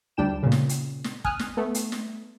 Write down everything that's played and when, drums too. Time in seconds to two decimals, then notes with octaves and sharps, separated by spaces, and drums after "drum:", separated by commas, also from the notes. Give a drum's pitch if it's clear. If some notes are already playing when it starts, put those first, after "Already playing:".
0.17 D2 G3 D4 G5 E7
0.43 A#2 C#3
0.52 drum: snare
0.69 drum: hi-hat
1.04 drum: snare
1.25 G#5 D#6 F6 F#6, drum: kick
1.39 drum: snare
1.57 A3 B3
1.75 drum: hi-hat
1.92 drum: snare